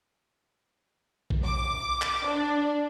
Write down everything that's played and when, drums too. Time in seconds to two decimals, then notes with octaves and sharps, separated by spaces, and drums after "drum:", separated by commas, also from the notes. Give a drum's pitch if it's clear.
1.30 drum: kick B1
1.44 D6
2.02 drum: clap
2.25 D4